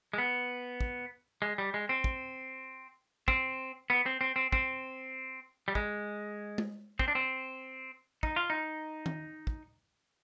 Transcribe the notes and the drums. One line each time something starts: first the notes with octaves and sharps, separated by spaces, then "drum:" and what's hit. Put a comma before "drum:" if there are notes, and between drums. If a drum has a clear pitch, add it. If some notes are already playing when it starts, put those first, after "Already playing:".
G#3
B3
drum: kick
G#3
G3
G#3
C4
drum: kick
C4, drum: kick
B3
C4
C4
C4
C4, drum: kick
G3
G#3, drum: kick
drum: tom
C4, drum: kick
D4
C4
D#4, drum: kick
F4
D#4
drum: tom
drum: kick